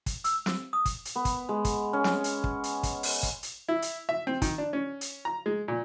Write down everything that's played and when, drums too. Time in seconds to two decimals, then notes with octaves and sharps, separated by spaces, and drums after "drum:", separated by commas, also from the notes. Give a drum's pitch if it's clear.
0.06 drum: kick, hi-hat
0.24 E6, drum: hi-hat
0.46 drum: snare
0.73 D#6
0.85 drum: kick, hi-hat
1.05 drum: hi-hat
1.15 B3
1.25 drum: kick, hi-hat
1.49 G#3
1.65 drum: kick, hi-hat
1.93 C#4
2.04 drum: snare
2.24 drum: hi-hat
2.44 drum: kick
2.64 drum: hi-hat
2.83 drum: kick, hi-hat
3.03 drum: open hi-hat
3.23 drum: kick, hi-hat
3.43 drum: hi-hat
3.68 E4
3.82 drum: hi-hat
4.09 E5
4.27 C4
4.42 D#3, drum: kick, hi-hat
4.58 D4
4.73 C#4
5.01 drum: hi-hat
5.25 A#5
5.46 G#3
5.68 A#2